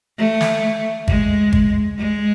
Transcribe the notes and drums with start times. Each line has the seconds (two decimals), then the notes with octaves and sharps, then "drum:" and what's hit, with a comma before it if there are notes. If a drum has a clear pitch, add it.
0.18 A3
0.41 drum: snare
1.08 G#3, drum: kick G#1
1.53 drum: kick G#1
1.98 G#3